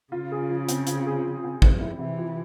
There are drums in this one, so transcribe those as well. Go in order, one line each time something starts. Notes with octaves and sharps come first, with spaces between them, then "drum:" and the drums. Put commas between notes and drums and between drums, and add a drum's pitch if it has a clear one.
C#3 F4
G#4
F3
C4, drum: hi-hat
F4, drum: hi-hat
G#4
F3
C4
F3 C4, drum: kick
E4
C3 E3
F3